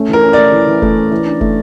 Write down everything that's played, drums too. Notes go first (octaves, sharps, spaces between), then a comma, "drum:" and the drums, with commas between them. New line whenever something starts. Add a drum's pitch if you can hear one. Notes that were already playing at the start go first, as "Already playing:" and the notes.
Already playing: A3 C#4
E3 A#4
C#4
A3 D5
E3
E3
A3, drum: kick
C#4
E3
D4
A3, drum: kick